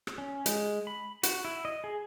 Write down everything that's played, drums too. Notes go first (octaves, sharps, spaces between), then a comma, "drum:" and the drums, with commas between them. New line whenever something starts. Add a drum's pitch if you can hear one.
drum: rim click
C#4
G#3, drum: hi-hat
B5
F#4, drum: hi-hat
E4
D#5
G#4